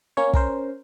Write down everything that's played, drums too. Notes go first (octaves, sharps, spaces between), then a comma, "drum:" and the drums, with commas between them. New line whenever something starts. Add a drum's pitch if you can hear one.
A#3 C#4 C#5
C#4 A#4 C5, drum: kick